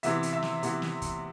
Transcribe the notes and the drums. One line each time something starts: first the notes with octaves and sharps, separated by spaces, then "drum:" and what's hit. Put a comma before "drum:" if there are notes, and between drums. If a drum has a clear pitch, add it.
C3 E3 B3 E5, drum: hi-hat
drum: hi-hat
E5
drum: snare
C3 E3 B3, drum: hi-hat
drum: snare
drum: kick, hi-hat